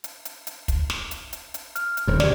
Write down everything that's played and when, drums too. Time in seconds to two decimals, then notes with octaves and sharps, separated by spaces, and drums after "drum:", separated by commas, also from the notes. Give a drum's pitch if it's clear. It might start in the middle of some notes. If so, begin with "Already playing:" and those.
0.04 drum: hi-hat
0.25 drum: hi-hat
0.47 drum: hi-hat
0.68 drum: kick, hi-hat
0.90 drum: snare
1.11 drum: hi-hat
1.33 drum: hi-hat
1.54 drum: hi-hat
1.76 F6, drum: hi-hat
1.97 drum: hi-hat
2.07 D#1 G2
2.20 D2 C#3 G4 D5, drum: snare